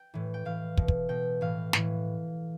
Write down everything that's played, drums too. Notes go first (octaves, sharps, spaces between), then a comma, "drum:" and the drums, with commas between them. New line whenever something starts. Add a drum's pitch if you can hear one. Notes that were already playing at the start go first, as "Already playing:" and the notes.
Already playing: G5
A2 E3
G5
A2 E3 F5
B2, drum: kick
drum: kick
B2 G5
A2 E3 F5
A2 E3, drum: snare